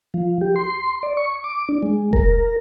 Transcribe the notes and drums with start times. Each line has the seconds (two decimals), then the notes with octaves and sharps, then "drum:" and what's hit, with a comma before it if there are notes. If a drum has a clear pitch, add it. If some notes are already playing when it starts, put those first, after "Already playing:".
0.14 F3
0.41 G4
0.56 C6
1.03 D5
1.17 C#6
1.44 D6
1.69 D4
1.83 G#3
2.13 A#4, drum: kick E1